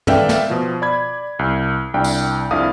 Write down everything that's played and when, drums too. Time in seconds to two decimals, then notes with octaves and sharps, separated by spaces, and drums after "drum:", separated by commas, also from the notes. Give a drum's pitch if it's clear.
0.07 A4 B4 D5 E5 F5 G5, drum: tom
0.29 drum: snare
0.50 B2 F3
0.82 D5 B5 G#6
1.39 C2
1.94 C2 D4 G5
2.04 drum: tambourine
2.51 C2 F2 D4 E4 F5 D#6